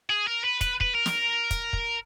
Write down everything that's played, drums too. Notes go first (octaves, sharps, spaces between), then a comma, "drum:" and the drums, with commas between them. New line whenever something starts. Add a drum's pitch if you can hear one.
G#4
A#4
B4
B4, drum: kick, hi-hat
B4, drum: kick
A#4
drum: snare
drum: kick, hi-hat
drum: kick